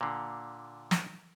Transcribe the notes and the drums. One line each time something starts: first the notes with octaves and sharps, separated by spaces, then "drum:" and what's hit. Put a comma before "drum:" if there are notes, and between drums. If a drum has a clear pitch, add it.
A#2 D3
drum: snare